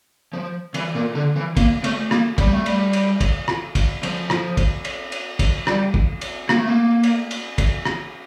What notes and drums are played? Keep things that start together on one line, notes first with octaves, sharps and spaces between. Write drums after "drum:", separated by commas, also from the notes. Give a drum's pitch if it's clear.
F3
E3, drum: cymbal
A#2
D3
E3
A#3, drum: kick, cymbal
A3, drum: cymbal
A#3, drum: rim click
G3, drum: kick, cymbal
A3
G3, drum: cymbal
drum: cymbal
drum: kick, cymbal
drum: rim click
drum: kick, cymbal
F3, drum: cymbal
drum: rim click
drum: kick, cymbal
drum: cymbal
drum: cymbal
drum: kick, cymbal
G3, drum: rim click
drum: kick
drum: cymbal
A#3, drum: rim click
A3
A#3
drum: cymbal
drum: cymbal
drum: kick, cymbal
drum: rim click